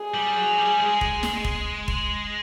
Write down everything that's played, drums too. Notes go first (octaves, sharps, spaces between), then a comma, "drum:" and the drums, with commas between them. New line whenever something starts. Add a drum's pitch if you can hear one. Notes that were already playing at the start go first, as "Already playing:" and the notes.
Already playing: G#4
G3
F#3
G3
G#3
drum: kick F1
drum: snare
drum: kick F1
drum: kick F1